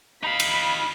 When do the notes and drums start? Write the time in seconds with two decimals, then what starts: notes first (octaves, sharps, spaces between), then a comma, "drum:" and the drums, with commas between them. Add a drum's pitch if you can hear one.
0.23 D#4 F5 B5
0.40 drum: cymbal